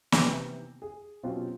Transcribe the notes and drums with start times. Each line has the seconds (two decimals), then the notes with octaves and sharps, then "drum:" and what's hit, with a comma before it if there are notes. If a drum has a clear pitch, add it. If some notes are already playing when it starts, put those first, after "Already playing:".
0.12 C3 D#3 E3 A#3 B3, drum: snare
0.82 G#4
1.23 B2 F#3 C4 C#4 F4 G4